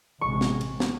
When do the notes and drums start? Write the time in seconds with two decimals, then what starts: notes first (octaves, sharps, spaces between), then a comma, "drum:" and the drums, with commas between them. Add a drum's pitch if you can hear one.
0.21 A1 C3 G#3 C#6
0.41 drum: snare
0.61 drum: cymbal
0.80 drum: snare